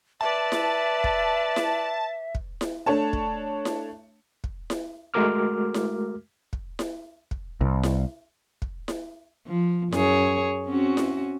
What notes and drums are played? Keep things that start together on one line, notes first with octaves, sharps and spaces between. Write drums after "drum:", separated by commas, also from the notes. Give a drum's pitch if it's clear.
B4 D5 E5 A5
drum: snare E4
drum: kick
drum: snare E4
drum: kick
drum: snare E4
A3 D4 C#5 A5
drum: kick
drum: snare E4
drum: kick
drum: snare E4
G#3 A3 F#4 A#4 D6 F6
drum: snare E4
drum: kick
drum: snare E4
drum: kick
C2
drum: snare E4
drum: kick
drum: snare E4
F3
F#2 G#4 C#5, drum: snare E4
C4 C#4 F#4
drum: snare E4